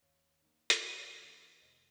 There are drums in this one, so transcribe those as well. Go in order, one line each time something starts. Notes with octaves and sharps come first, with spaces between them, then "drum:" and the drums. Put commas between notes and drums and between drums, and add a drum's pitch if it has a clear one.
D#2 C#5 F5
D#3 A#3
drum: hi-hat
D#2
D#3 A#3
F1 C5 D#5